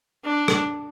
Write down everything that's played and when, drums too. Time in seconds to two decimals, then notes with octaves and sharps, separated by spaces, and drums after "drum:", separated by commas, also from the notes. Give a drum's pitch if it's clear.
0.25 D4
0.48 drum: rim click